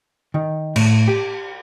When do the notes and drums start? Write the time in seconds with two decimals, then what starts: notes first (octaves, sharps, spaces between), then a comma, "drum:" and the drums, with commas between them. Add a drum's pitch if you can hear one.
0.34 D#3
0.76 A2, drum: cymbal
1.08 G4